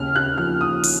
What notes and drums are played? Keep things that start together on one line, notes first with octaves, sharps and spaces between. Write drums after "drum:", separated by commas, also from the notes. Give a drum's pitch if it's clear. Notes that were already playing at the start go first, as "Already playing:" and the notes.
Already playing: D#2 C#3 F6
F#6
F3 F6
D#6
drum: open hi-hat